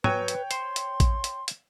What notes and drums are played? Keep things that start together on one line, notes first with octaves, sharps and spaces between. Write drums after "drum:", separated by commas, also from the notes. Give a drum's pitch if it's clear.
F#3 B4 C#5 G5 G#5, drum: tom
drum: hi-hat
C5 C6, drum: hi-hat
drum: hi-hat
drum: kick A1, hi-hat
drum: hi-hat
drum: hi-hat